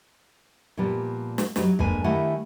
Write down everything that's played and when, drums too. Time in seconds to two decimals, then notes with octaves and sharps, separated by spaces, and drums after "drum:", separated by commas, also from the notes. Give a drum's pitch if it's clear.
0.77 A#2 F3 G3 B3
1.38 drum: snare
1.56 F#3 G3 D#4, drum: snare
1.79 F2 G#2 A#3 D4 B4 G#5, drum: kick
2.04 D#3 G3 A3 E4 F#5 G#5